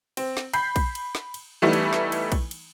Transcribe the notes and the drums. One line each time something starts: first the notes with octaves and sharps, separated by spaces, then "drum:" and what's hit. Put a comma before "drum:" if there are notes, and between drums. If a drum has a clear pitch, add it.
C4, drum: cymbal
drum: snare
B5 G6 C7, drum: cymbal
drum: kick A#1, cymbal
drum: cymbal
drum: snare
drum: cymbal
E3 G3 A3 B3 D#4 E4
drum: cymbal
drum: snare
drum: cymbal
drum: kick A#1, cymbal
drum: cymbal